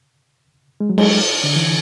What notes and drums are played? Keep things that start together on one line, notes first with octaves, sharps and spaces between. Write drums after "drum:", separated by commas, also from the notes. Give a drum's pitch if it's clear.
G#3
F#3
G#3, drum: cymbal
D3
E3